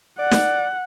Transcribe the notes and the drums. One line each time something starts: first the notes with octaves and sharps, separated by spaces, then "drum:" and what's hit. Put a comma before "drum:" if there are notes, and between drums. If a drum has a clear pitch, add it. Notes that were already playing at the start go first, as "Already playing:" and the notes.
D5 F#5
drum: snare